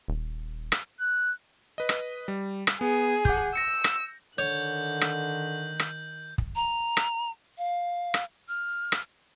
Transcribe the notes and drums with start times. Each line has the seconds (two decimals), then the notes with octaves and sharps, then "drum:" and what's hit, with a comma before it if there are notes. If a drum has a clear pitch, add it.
0.08 D#1
0.72 drum: rim click
1.00 F#6
1.78 B4 D#5
1.89 drum: rim click
2.28 G3
2.67 drum: rim click
2.81 B3 G#4
3.25 F#5 D6 G6, drum: kick
3.56 E6 A#6 C#7
3.84 drum: rim click
4.38 D3 D#3 C#5 F#6 G6
5.01 drum: rim click
5.80 drum: rim click
6.38 drum: kick
6.56 A#5
6.97 drum: rim click
7.58 F5
8.14 drum: rim click
8.48 F6
8.92 drum: rim click